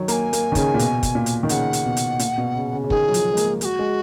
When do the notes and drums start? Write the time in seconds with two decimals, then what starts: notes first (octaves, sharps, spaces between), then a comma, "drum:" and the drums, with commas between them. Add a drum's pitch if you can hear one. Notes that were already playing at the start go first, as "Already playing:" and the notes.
Already playing: D#3 F#3
0.08 A#3 A#5, drum: hi-hat
0.12 G#5
0.33 A#3, drum: hi-hat
0.52 D#3
0.55 C#3, drum: kick, hi-hat
0.74 A#2
0.79 B2, drum: hi-hat
1.03 drum: kick, hi-hat
1.15 A#2
1.26 drum: hi-hat
1.43 D#3
1.49 C#3 F#5, drum: hi-hat
1.73 drum: hi-hat
1.85 B2
1.97 drum: hi-hat
2.19 A#2, drum: hi-hat
2.38 B2
2.56 C#3
2.73 C#3
2.84 C#3
2.90 D#3 G#4, drum: kick
3.08 F#3
3.14 F3, drum: hi-hat
3.33 G#3
3.37 A#3, drum: hi-hat
3.61 G#3 G#4, drum: hi-hat
3.65 F#4
3.79 G#3